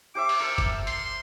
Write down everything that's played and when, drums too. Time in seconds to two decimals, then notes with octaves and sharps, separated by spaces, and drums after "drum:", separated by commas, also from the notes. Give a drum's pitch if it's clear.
0.15 G4 C5 E5 D6
0.29 drum: open hi-hat
0.40 A4 A#4 E5
0.58 drum: kick, hi-hat
0.87 C6, drum: hi-hat